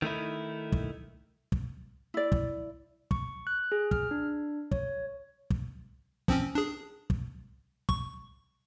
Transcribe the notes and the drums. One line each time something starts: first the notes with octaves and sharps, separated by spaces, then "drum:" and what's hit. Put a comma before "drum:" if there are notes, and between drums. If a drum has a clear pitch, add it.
D#3 A3 D#4 E4
drum: kick
drum: kick
E4 D5
drum: kick
C#6, drum: kick
F#6
G#4
F6, drum: kick
D4
C#5, drum: kick
drum: kick
F3 C4 C#4, drum: kick
D4 G#4
drum: kick
C#6, drum: kick